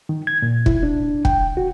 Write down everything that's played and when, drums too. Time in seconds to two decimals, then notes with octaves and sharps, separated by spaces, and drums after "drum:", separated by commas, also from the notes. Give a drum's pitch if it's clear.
0.09 D#3
0.27 G#6
0.42 A#2
0.66 E4, drum: kick
0.83 D4
1.25 G5, drum: kick
1.57 F#4